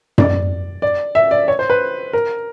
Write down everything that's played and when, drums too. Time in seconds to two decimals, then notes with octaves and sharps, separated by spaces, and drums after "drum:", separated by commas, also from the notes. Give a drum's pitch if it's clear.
0.18 D5, drum: tom F#2
0.82 D5
1.15 E5
1.31 D5
1.48 C#5
1.59 C5
1.70 B4
2.13 A#4